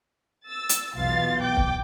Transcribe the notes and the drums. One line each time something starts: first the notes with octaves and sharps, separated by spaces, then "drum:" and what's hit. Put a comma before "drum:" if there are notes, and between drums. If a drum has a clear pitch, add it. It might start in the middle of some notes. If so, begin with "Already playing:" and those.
E6 A6
drum: hi-hat
B1 E2 B2 F4 F5 A6
G5 D6 G6
drum: kick